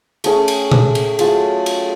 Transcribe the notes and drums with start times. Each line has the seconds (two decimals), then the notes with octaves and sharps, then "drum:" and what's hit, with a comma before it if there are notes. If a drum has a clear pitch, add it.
0.24 A3 C#4 G#4, drum: cymbal
0.48 drum: cymbal
0.71 drum: tom A#2
0.95 drum: cymbal
1.19 F#3 A3 F4 G#4, drum: cymbal
1.66 drum: cymbal